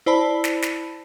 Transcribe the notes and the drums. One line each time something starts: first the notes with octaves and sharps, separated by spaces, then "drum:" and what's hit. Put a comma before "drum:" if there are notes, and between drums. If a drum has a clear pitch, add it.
E4 C5 D5 A5 B5
drum: snare
drum: snare